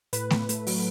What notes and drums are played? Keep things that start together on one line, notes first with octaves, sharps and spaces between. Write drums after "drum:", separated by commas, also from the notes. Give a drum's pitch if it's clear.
A2 B4, drum: hi-hat
A2, drum: snare A3
A3, drum: hi-hat
F#3, drum: open hi-hat